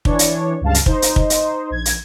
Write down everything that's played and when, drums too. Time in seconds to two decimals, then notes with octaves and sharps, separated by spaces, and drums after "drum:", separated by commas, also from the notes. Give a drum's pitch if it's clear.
0.05 E3 D4 C#5, drum: kick
0.19 drum: hi-hat
0.61 C#2 G2 F5 A5
0.74 drum: hi-hat
0.86 D#4 C5, drum: kick
1.02 drum: hi-hat
1.16 drum: kick
1.30 drum: hi-hat
1.70 A#1 G#6
1.85 drum: hi-hat